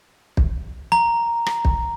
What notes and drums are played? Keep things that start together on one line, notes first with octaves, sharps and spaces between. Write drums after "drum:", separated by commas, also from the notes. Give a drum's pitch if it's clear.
drum: kick
A#5
drum: rim click
drum: kick